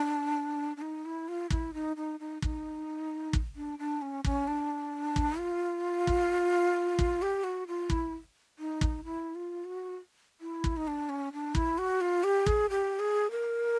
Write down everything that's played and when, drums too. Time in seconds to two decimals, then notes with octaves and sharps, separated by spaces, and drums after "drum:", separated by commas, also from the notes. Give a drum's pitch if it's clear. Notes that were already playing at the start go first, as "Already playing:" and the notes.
Already playing: D4
0.77 D4
0.82 D#4
1.05 E4
1.28 F4
1.50 E4, drum: kick
1.74 D#4
1.97 D#4
2.20 D#4
2.42 D#4, drum: kick
3.33 drum: kick
3.56 D4
3.79 D4
4.02 C#4
4.24 C#4, drum: kick
4.47 D4
5.16 drum: kick
5.38 F4
6.07 drum: kick
6.99 drum: kick
7.22 G4
7.44 F#4
7.67 F4
7.90 E4, drum: kick
8.59 D#4
8.81 drum: kick
9.04 E4
9.35 F4
9.65 F#4
10.41 E4
10.64 drum: kick
10.77 D#4
10.87 D4
11.09 C#4
11.33 D4
11.55 E4, drum: kick
11.78 F#4
12.01 F4
12.24 G4
12.46 G#4, drum: kick
12.70 G4
12.99 G#4
13.31 A#4